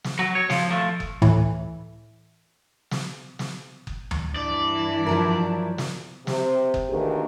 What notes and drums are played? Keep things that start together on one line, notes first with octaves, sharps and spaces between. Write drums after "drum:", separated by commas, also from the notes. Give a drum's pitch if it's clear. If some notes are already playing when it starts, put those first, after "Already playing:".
drum: snare
F#3
C#5
F3, drum: snare
F3 A3
drum: kick F#1
A2 E3, drum: tom D2
drum: snare
drum: snare
drum: kick F#1
drum: tom D2
G2 E3 D4 E4 D5
F3 F#3 A#4
drum: snare
C3, drum: snare
drum: kick F#1
D2 D#3 E3 A#3 G4 G#4